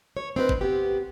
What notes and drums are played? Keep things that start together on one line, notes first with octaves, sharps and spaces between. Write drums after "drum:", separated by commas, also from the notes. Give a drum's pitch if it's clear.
C#5
C4 D#4 E4 B4
drum: kick
B3 G4